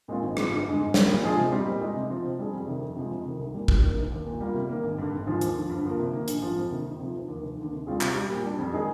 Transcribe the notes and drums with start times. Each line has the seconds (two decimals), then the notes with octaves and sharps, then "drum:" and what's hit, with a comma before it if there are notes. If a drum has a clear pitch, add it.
0.08 A#2 G#3 C4 F4
0.22 G#1
0.37 G#2 F3 C4, drum: rim click
0.51 G1
0.65 G2 D3 G#3
0.80 G#2
0.94 G3 A#3, drum: snare
1.09 A#2
1.23 F3 G#3 D4 G#4
1.37 C3
1.52 G3 C4 D#4 G4
1.66 A#2
1.81 G#3 D#4
1.96 C3
2.10 F3 C4
2.24 C3
2.39 G3 D4 G#4
2.53 F2
2.67 C3 D#3
2.81 F2
2.96 C3 F3 G#3
3.11 F2
3.25 C3 D#3
3.39 C2
3.54 A#2 G3
3.68 G2, drum: kick
3.83 D#3 A#3
3.97 F1
4.11 D#2 D#3
4.26 A#2
4.41 G3 A#3 F4
4.55 C3
4.69 D#3 A#3
4.83 G#1
4.98 G2 D3
5.13 G#1
5.27 G#2 F3
5.41 D#2, drum: hi-hat
5.55 D3 F3
5.69 G2
5.84 D3 F3 A#3
5.99 C3
6.13 D#3 A#3
6.28 A#1, drum: hi-hat
6.42 G#2 F3
6.56 F2
6.71 C3 D#3 A#3
6.85 F2
7.00 C3 F3
7.14 F1
7.28 D#2 D#3
7.43 F1
7.58 D#2 D3
7.72 C3
7.87 G3 C4 F4 G#4
8.01 C3, drum: clap
8.15 G3 C4 G4
8.29 A#2
8.44 G3 D4
8.58 F2
8.73 D#3 G#3 D#4 G#4